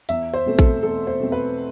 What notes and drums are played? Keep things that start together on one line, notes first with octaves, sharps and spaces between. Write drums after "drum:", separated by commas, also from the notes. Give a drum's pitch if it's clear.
E2 E5, drum: hi-hat
C5
B2 A3 C4
A4, drum: kick
E2 A4
C5
B2 A3 C4
B4